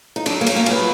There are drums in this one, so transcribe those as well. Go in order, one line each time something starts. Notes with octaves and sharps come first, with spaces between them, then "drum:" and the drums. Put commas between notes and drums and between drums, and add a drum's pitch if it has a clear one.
D#4
F#3 D4, drum: cymbal
A#3
F#3, drum: cymbal
A#3
A#2, drum: cymbal
B3